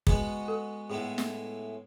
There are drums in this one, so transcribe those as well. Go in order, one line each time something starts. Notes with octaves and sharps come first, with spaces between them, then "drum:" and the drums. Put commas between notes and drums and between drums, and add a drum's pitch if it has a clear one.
G#3 B3 F#4 G#4 B4 D#5, drum: kick
A4
A2 G#3 B3 E4 G#4
drum: snare